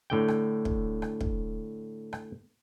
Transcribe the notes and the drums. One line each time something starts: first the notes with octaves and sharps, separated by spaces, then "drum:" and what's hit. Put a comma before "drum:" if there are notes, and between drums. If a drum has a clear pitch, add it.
A2 D3 G5
drum: rim click
drum: kick
drum: rim click
drum: kick
drum: rim click